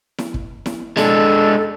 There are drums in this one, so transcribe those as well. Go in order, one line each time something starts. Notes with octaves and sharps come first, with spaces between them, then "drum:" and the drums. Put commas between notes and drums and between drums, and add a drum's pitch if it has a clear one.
drum: snare E4
drum: kick
drum: snare E4
G#3 D4 A4, drum: snare E4